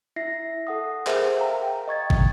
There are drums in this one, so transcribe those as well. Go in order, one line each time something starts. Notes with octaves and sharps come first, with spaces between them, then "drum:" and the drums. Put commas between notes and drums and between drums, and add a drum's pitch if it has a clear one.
E4 E5 A#6 C7
A4 F#5 D#6
G#4 A#4 C5 E5 F#5, drum: clap
F5 G5 A#5
G5
D#5 C#6 G#6 A6
drum: kick